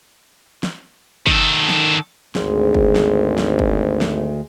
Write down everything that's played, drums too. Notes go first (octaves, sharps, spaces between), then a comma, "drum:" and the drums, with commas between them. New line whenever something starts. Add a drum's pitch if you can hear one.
drum: snare
D#3 A4, drum: kick
drum: snare
G#1 D2 G#3, drum: snare
drum: kick
drum: snare
drum: snare
drum: kick
drum: snare